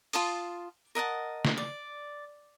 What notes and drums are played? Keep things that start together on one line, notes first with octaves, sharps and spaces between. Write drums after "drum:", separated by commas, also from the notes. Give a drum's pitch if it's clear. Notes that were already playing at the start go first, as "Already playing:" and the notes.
F4 A5 C6 D#6, drum: open hi-hat
A#4 D#5 F#5 A5
drum: snare
D5